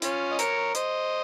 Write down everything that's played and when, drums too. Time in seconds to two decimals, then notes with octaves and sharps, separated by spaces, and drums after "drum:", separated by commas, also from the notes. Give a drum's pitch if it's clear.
0.02 C#4 F4, drum: hi-hat
0.31 D#5
0.39 A#4 C#5, drum: hi-hat
0.75 C5 D#5, drum: hi-hat